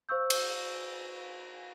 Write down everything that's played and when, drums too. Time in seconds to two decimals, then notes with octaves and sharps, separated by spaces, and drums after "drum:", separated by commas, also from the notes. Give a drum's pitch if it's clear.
0.09 C5 F5 C#6 E6 G6
0.30 drum: cymbal